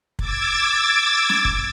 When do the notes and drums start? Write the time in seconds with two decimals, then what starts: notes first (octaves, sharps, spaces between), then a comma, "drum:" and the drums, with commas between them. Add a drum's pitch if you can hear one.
0.19 D6 E6 G#6 A6, drum: kick
1.29 drum: snare
1.45 drum: kick